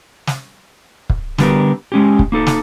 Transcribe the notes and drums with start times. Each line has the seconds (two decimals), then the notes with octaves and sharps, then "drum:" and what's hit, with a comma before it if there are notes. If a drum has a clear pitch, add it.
0.27 drum: snare
1.10 drum: kick
1.38 D3 G3 B3 G4 A#4, drum: snare
1.92 G#3 C#4 G4
2.19 drum: kick
2.32 A#3 D#4 A4
2.47 drum: snare